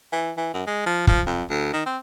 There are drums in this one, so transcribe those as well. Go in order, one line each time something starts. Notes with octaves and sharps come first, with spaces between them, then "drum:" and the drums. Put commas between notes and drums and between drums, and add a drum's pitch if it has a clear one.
E3
E3
F#2
G#3
F3
F3, drum: kick
F2
D2
D#3
C4